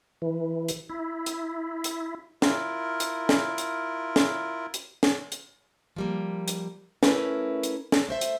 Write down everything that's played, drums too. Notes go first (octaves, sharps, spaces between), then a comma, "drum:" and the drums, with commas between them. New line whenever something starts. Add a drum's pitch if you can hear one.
E3
drum: hi-hat
E4
drum: hi-hat
drum: hi-hat
E4 F4 A#4, drum: snare
drum: hi-hat
drum: snare
drum: hi-hat
drum: snare
drum: hi-hat
drum: snare
drum: hi-hat
F3 G3 A#3
drum: hi-hat
A3 C#4 E4 A#4 B4, drum: snare
drum: hi-hat
drum: snare
A3 C5 E5
drum: hi-hat